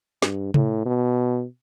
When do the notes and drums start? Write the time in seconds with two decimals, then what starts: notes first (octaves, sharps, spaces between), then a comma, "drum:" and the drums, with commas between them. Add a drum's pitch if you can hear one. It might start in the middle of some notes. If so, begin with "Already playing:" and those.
0.22 G2, drum: snare
0.54 A2, drum: tom C3
0.86 B2